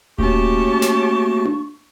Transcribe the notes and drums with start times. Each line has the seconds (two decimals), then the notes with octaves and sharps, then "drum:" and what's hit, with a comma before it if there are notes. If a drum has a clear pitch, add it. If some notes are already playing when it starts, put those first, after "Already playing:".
0.18 A3 A#3 C#4 F#4 G4 A5 C#6, drum: kick D#1
0.82 drum: snare
1.45 drum: tom D4